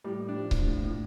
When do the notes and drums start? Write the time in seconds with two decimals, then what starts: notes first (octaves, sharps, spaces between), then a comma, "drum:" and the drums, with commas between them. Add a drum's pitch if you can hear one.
0.04 A2 G3
0.20 A2
0.29 D4
0.36 F3
0.51 F3, drum: kick C#1
0.67 A2
0.83 A2